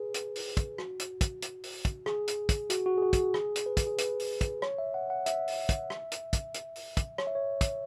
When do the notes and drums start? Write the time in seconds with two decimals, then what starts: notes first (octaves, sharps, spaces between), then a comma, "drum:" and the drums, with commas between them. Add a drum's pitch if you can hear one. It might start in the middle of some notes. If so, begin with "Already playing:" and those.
Already playing: G#4 B4
0.14 drum: hi-hat
0.36 drum: open hi-hat
0.57 drum: kick, hi-hat
0.78 F#4, drum: rim click
1.00 drum: hi-hat
1.21 drum: kick, hi-hat
1.42 drum: hi-hat
1.64 drum: open hi-hat
1.85 drum: kick, hi-hat
2.06 G#4, drum: rim click
2.28 drum: hi-hat
2.49 drum: kick, hi-hat
2.70 F#4, drum: hi-hat
2.86 F#4
2.98 G#4
3.02 F#4
3.13 drum: kick, hi-hat
3.34 G#4, drum: rim click
3.56 drum: hi-hat
3.66 B4
3.77 drum: kick, hi-hat
3.87 G#4
3.98 B4, drum: hi-hat
4.20 drum: open hi-hat
4.41 drum: kick, hi-hat
4.62 C#5, drum: rim click
4.78 E5
4.94 F#5
5.10 F#5
5.26 E5, drum: hi-hat
5.48 drum: open hi-hat
5.69 drum: kick, hi-hat
5.90 drum: rim click
6.12 drum: hi-hat
6.33 drum: kick, hi-hat
6.54 drum: hi-hat
6.76 drum: open hi-hat
6.97 drum: kick, hi-hat
7.18 C#5, drum: rim click
7.27 E5
7.35 C#5
7.61 drum: kick, hi-hat